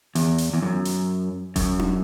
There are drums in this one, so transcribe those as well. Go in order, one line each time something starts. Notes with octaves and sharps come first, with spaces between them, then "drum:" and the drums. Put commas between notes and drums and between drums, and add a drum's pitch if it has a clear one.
E2, drum: hi-hat
drum: hi-hat
E2
F#2
drum: hi-hat
F#2, drum: kick E1, hi-hat
drum: tom D4